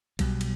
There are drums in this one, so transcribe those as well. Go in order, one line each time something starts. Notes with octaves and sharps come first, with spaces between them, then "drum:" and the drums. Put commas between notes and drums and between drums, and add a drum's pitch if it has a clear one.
B1 B2 G3, drum: kick, cymbal
drum: cymbal